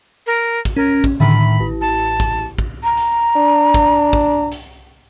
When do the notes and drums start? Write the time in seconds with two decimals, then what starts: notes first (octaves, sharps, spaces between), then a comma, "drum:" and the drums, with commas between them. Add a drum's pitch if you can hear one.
0.27 A#4
0.65 drum: kick, hi-hat
0.76 C#4 A#4
1.04 drum: kick
1.20 A2 D3 D#3 B5
1.60 A1
1.81 A5
2.20 drum: kick, hi-hat
2.59 drum: kick
2.84 A#5
2.97 drum: hi-hat
3.37 D4
3.74 drum: kick, hi-hat
4.13 drum: kick
4.52 drum: hi-hat